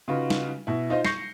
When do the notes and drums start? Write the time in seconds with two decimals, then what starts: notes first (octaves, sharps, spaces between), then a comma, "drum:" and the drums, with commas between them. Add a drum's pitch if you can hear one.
0.08 C#3 D#4 F4 F#4 B4
0.30 drum: snare
0.67 B2 E4
0.90 D#4 F4 C5 D#5
1.05 C#6 G6 A#6 C7 C#7, drum: snare